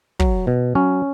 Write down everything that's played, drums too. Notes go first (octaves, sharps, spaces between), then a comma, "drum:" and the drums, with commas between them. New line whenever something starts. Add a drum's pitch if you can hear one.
F#3, drum: kick
B2
F#3 C#4